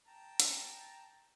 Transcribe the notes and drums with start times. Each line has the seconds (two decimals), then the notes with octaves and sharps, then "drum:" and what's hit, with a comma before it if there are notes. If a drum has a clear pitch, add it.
0.07 G5 A5 A#5
0.40 drum: hi-hat